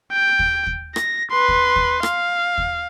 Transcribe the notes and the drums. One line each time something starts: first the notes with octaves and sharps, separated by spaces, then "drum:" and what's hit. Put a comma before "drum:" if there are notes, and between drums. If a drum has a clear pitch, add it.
G5
drum: kick D#2
drum: kick D#2
A#6, drum: rim click
B4 C6
drum: kick D#2
drum: kick D#2
F5, drum: rim click
drum: kick D#2